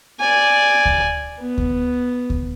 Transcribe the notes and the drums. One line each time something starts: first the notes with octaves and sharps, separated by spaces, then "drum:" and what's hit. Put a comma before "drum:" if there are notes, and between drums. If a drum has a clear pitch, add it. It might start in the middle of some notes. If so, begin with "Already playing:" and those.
D5 G#5
drum: kick D2
B3
drum: kick D2
drum: kick D2